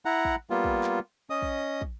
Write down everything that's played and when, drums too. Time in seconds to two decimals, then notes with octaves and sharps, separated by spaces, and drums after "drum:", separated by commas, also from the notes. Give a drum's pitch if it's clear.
0.05 E4 F#5 A#5
0.25 drum: kick
0.50 G3 A#3 B3 F4
0.64 drum: kick
0.84 drum: clap
1.30 C#4 D#5 D#6
1.42 drum: kick
1.81 drum: kick